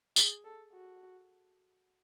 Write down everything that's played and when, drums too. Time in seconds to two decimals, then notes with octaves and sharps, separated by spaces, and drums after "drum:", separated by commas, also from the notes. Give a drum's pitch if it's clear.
0.16 G#4, drum: tambourine
0.45 A4
0.73 F#4